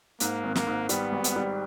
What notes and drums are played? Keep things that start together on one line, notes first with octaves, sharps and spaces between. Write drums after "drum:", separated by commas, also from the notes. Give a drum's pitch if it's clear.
G#2 A#3, drum: hi-hat
G#1
A#3, drum: snare
G#2
G3 B3, drum: hi-hat
G#1
drum: hi-hat
G3